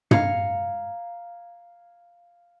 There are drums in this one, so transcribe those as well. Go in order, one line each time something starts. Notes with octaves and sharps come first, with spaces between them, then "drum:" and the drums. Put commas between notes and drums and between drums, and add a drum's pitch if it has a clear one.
F5 A#5 G#6 C#7, drum: tom